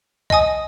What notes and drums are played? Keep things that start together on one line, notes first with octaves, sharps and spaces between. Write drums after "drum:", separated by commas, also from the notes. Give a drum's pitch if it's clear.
D#5 G#5 D#6, drum: kick C2